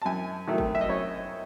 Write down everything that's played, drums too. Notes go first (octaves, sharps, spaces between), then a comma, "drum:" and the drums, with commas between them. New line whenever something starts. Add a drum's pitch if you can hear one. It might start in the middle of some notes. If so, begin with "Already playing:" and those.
A5
F#2 G#5
D#3 F#3 A3
drum: kick
E5
D#5
F#2 C#5